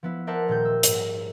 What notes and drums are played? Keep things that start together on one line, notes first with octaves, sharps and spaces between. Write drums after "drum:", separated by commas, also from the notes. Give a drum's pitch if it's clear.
F3 B3 E4
A#4 C5 D5 E5 F#5 A5
D#1 A#2 G3 G6
E6
G#2, drum: hi-hat